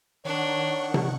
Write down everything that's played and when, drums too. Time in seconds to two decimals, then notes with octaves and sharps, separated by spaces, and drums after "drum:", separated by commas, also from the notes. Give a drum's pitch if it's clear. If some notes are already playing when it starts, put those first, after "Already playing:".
0.25 D#3 D4 C#5 F#5 C#6
0.94 drum: tom C3